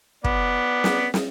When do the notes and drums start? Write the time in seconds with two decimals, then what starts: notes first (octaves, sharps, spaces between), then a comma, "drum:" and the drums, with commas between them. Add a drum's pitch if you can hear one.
0.24 B3 D5, drum: kick
0.84 drum: snare
1.14 drum: snare